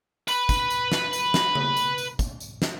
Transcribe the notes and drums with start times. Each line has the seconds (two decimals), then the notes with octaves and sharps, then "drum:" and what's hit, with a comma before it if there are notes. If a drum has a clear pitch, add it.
0.28 B4 B5, drum: tambourine
0.49 drum: kick, tambourine
0.70 drum: tambourine
0.92 drum: snare
1.13 drum: tambourine
1.34 drum: snare
1.55 drum: tom
1.77 drum: tambourine
1.98 drum: tambourine
2.19 drum: kick, tambourine
2.40 drum: tambourine
2.62 drum: snare